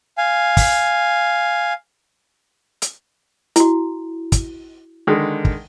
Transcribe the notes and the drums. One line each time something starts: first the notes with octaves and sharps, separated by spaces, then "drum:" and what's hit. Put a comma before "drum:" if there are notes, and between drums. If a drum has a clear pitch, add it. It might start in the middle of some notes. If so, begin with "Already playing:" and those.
F5 G#5
drum: kick, open hi-hat
drum: hi-hat
E4 F#4, drum: hi-hat
drum: kick, hi-hat
D3 D#3 G#3
drum: kick